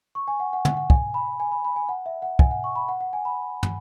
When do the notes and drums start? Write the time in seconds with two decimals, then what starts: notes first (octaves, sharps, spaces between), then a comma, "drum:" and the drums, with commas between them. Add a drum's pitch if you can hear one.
0.15 C#6
0.28 G#5
0.40 F#5
0.53 F#5
0.65 F#5, drum: tom
0.77 F#5
0.90 G#5, drum: kick
1.14 B5
1.40 G#5
1.52 B5
1.65 B5
1.76 G#5
1.89 F#5
2.06 E5
2.22 F#5
2.39 G#5, drum: kick
2.51 F#5
2.64 C#6
2.76 B5
2.89 F#5
3.01 F#5
3.13 G#5
3.25 B5
3.63 drum: tom